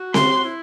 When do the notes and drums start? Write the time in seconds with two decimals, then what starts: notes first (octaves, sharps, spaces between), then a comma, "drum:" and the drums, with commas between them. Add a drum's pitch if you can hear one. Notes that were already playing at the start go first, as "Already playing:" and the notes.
Already playing: F#4
0.14 C6, drum: snare C4
0.29 G4
0.36 F#4
0.44 E4